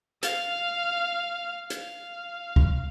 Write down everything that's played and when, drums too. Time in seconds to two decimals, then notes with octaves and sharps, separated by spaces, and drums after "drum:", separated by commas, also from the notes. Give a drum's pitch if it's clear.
0.23 F5, drum: hi-hat
1.70 F5, drum: hi-hat
2.56 drum: kick